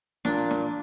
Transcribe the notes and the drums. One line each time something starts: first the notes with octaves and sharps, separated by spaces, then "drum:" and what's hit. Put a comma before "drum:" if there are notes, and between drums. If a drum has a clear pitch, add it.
A#2 D4, drum: snare
drum: snare